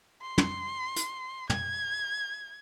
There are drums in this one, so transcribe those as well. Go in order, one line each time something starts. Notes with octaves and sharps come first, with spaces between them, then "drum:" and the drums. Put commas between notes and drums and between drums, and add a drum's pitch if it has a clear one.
C6
drum: tom
drum: hi-hat
G#6, drum: tom